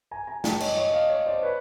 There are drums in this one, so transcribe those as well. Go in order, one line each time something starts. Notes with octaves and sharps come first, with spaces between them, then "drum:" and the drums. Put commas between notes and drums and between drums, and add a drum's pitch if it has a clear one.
G#5 A#5
G#5 A#5
G5 A5, drum: snare
C#5 D#5, drum: cymbal
C#5 D#5
D#5 F5
C#5 D#5
C5 D5
B4 C#5